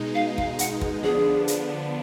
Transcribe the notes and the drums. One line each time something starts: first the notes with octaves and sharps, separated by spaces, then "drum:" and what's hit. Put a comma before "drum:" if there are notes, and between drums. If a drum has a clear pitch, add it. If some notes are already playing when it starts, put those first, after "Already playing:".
Already playing: B2 G#3 D#4
F5
F5, drum: kick
F#5, drum: hi-hat
drum: kick
D3 F3 B3 D4 G#4
drum: hi-hat